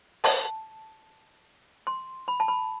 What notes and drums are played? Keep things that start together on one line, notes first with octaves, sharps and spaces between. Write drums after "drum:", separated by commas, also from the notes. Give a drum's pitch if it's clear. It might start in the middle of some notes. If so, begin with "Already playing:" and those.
A5, drum: open hi-hat
C6
B5
A5
B5